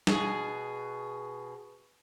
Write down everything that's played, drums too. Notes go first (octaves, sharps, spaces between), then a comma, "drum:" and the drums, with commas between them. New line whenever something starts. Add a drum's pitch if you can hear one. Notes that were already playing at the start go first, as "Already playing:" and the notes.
B2 G#4, drum: snare